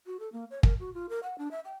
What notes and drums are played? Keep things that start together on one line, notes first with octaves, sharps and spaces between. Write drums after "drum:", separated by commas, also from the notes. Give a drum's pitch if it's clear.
F#4
A4
A#3
C#5
A#4, drum: kick
F#4
F4
A#4
F#5
D4
E5
G5